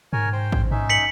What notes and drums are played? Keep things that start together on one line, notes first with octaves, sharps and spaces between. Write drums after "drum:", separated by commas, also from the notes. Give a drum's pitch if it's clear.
G#2 A#4 C#5 G#5
C5 G5
drum: kick A1
G#2 C#4 D#4 E5
B6 C#7 F#7